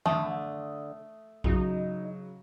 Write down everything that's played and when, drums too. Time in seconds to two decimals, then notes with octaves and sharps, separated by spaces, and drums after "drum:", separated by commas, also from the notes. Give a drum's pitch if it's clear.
0.06 D3 A3 D#6, drum: tom D#3
1.44 C#3 F#3 D#4, drum: kick A#1